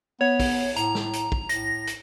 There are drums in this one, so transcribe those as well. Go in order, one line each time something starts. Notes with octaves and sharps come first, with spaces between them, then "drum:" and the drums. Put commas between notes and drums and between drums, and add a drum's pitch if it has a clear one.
B3 C#5
drum: kick A#1, open hi-hat
A2 A#5, drum: hi-hat
drum: snare
drum: hi-hat
drum: kick A#1
A2 A#6, drum: hi-hat
drum: hi-hat